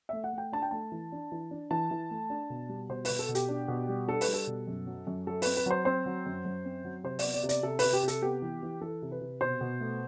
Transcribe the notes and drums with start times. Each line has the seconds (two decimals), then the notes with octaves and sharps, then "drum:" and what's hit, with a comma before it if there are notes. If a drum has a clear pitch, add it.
0.09 A3 E5
0.24 F#5
0.33 A3 G5
0.52 D4 A5
0.62 G5
0.71 A3 A5
0.92 E3
1.12 D4
1.32 E3
1.51 D4
1.71 E3 A5
1.91 E3
2.11 A3
2.30 D4
2.50 B2
2.69 G3
2.89 B2 C5
3.05 B4, drum: open hi-hat
3.10 B2
3.19 A4
3.29 B2
3.35 G4, drum: hi-hat
3.49 D4
3.68 B2
3.89 G3
4.08 D4 A4
4.21 B4, drum: open hi-hat
4.28 G3
4.34 A4
4.47 B2
4.67 F#2
4.87 F#3
5.07 F#2
5.27 F#3 A4
5.42 C4 B4, drum: open hi-hat
5.57 B4
5.66 F#3 C5
5.85 C4 C5
6.06 F#3
6.26 F#2
6.45 F#2
6.65 C4
6.84 F#3
7.04 C3 C5
7.19 D5, drum: open hi-hat
7.24 B3
7.34 D5
7.43 C3
7.49 D5, drum: hi-hat
7.63 C3 A4
7.79 C3 B4, drum: open hi-hat
7.93 G4
8.03 C3
8.08 A4, drum: hi-hat
8.22 B3 G4
8.42 E3
8.63 E3
8.81 E3 A4
9.02 C3
9.12 B4
9.21 C3
9.41 B2 C5
9.61 B2
9.81 A3